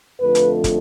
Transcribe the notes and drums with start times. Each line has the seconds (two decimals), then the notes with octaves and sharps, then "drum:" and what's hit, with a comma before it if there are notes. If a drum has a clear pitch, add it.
0.20 F2 D3 F3 A3 B4
0.35 drum: hi-hat
0.64 drum: kick, hi-hat